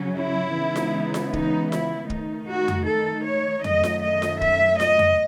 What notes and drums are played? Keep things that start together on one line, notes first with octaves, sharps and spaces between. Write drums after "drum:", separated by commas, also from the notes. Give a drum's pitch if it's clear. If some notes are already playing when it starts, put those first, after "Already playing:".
Already playing: C#3 F#3 C#4
E4
C#3 E3 G#3 B3 D#4
drum: snare F4
drum: snare F4
D#4, drum: kick
E4, drum: snare F4
D#3 A3 D#4, drum: kick
F#4
drum: tom F2
A4
C#5
F#2 D#3 F#3 A3 D#5, drum: tom F2
drum: snare F4
D#5
drum: snare F4
E5, drum: kick
D#5, drum: snare F4
drum: tom F2